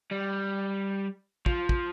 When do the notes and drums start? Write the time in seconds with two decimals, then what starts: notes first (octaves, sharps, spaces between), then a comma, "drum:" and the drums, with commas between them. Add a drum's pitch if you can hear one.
0.11 G3
1.46 F3, drum: kick
1.69 drum: kick